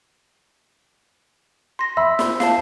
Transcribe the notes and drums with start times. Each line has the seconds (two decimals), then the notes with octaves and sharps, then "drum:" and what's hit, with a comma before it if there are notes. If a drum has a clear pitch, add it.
1.79 C6 A#6
1.97 E5 B5 E6
2.19 drum: snare
2.40 F5 A5, drum: snare